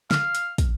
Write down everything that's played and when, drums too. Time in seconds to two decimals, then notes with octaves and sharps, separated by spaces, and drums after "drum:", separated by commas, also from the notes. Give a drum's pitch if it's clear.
0.11 F5, drum: snare
0.35 drum: hi-hat
0.58 drum: kick, hi-hat